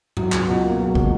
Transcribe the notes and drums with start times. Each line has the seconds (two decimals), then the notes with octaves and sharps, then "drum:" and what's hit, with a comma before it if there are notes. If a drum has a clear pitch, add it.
0.17 F#3, drum: tom G2
0.32 C#2, drum: clap
0.48 B2
0.63 A#3
0.79 F#3
0.95 drum: kick